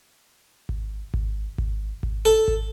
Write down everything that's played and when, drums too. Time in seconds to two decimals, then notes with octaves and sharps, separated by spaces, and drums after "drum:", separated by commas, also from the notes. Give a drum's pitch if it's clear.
0.69 drum: kick G#1
1.14 drum: kick G#1
1.58 drum: kick G#1
2.03 drum: kick G#1
2.25 A4
2.48 drum: kick G#1